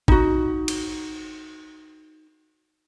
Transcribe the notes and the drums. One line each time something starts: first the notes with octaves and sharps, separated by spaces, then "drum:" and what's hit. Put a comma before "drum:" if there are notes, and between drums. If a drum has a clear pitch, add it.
D#4 F#4, drum: kick
drum: cymbal